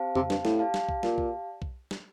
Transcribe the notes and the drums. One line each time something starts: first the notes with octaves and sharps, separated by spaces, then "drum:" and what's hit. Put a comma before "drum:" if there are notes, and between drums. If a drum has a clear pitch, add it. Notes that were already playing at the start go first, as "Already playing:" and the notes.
Already playing: C4 G4 C5 F5 A5
C3, drum: tom F2
G2, drum: snare
A2, drum: snare
G4 D5 F5 A5
drum: snare
drum: kick B1
A#2, drum: snare
drum: kick B1
drum: kick B1
drum: snare